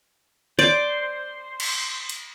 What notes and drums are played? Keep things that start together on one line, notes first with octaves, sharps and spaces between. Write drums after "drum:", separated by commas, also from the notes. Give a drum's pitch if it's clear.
C5 D5
drum: cymbal
drum: hi-hat